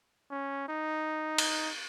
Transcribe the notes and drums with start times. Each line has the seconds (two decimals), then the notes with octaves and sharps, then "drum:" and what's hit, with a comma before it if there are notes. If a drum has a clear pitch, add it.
0.31 C#4
0.69 D#4
1.38 drum: cymbal